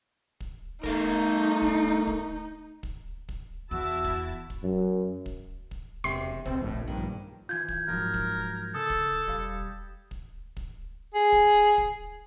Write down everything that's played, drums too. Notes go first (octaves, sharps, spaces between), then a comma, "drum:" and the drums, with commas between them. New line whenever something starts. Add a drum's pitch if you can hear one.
drum: kick
A3 D#4 A#4, drum: kick
drum: kick
drum: kick
drum: kick
drum: kick
E2 E4 F#4 A5 E6
drum: kick
drum: kick
F#2
drum: kick
drum: kick
E1 C3 C6
C#2 B2 C4, drum: kick
A#1 A2
G2 D#3
E3 F4 G6 G#6
drum: kick
G#2 F3 F#3 A#4
drum: kick
C#3 A4 D#6
drum: kick
E1 G3 F5
drum: kick
drum: kick
G#4
drum: kick
drum: kick